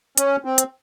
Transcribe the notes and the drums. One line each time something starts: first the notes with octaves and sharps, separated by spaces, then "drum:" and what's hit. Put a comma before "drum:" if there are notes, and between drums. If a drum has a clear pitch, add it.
C#4, drum: hi-hat
C4
drum: hi-hat